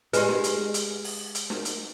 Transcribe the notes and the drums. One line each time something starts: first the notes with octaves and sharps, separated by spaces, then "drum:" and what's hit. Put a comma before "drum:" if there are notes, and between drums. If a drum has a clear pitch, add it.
G#3 G4 B4, drum: hi-hat
drum: snare
drum: hi-hat
drum: hi-hat
drum: open hi-hat
drum: hi-hat
drum: snare
drum: hi-hat